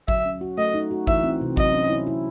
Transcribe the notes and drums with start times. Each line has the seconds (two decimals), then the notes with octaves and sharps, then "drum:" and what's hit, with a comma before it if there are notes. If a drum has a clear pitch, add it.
0.08 F#3 E5, drum: kick G#1
0.26 C#4
0.41 F#4
0.58 A3 D#5
0.74 D#4
0.91 F#4
1.07 E3 E5, drum: kick G#1
1.24 C4
1.41 C3
1.57 F#3 D#5, drum: kick G#1
1.74 C#4
1.90 E4
2.07 E4